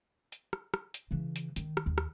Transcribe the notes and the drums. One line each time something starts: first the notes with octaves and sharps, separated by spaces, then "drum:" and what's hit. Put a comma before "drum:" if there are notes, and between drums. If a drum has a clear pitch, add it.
drum: hi-hat
drum: rim click
drum: rim click
drum: hi-hat
C#3 E3
drum: hi-hat
D#3, drum: hi-hat
drum: rim click
D#2
drum: rim click